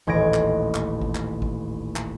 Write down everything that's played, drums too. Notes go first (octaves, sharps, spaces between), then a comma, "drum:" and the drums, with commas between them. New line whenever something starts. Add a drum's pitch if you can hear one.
D#1 A1 G#6 A#6 D7
drum: clap
drum: clap
drum: kick G#1
drum: clap
drum: kick G#1
drum: clap